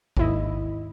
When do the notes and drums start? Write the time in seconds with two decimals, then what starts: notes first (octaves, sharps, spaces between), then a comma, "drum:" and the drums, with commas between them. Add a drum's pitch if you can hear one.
0.17 D#2 G#2 E4 D#5, drum: kick G#1